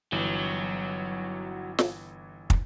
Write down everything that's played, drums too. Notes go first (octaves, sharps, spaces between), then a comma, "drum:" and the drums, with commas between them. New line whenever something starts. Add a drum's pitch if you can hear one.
G1 E3 F#3
drum: snare
drum: kick